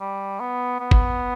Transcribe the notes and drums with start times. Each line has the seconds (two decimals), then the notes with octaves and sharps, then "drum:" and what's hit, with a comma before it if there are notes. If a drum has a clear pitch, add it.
0.01 G3
0.40 B3
0.80 B3
0.91 drum: kick